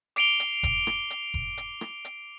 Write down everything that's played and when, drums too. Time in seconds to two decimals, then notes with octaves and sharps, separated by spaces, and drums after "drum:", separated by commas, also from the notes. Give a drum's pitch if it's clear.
0.16 D6 C7 D7 F7 G7, drum: hi-hat
0.40 drum: hi-hat
0.63 drum: kick F1, hi-hat
0.87 drum: rim click
1.10 drum: hi-hat
1.34 drum: kick F1
1.58 drum: hi-hat
1.81 drum: rim click
2.05 drum: hi-hat